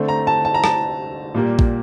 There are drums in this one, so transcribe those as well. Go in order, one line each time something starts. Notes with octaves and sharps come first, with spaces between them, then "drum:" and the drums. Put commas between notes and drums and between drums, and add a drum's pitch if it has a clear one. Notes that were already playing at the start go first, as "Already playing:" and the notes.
Already playing: D3 A3 C4
A#5
A5
A5
A#5
A5, drum: rim click
A#2 G3 A#3
drum: kick A1